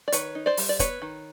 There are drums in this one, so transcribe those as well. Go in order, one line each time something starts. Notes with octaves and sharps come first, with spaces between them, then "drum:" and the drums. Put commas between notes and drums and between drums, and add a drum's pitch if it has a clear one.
D5
D#3 B4 C#5, drum: hi-hat
D#4
C5 D5
G3, drum: open hi-hat
D5
B3 B4 C#5, drum: kick, hi-hat
D#3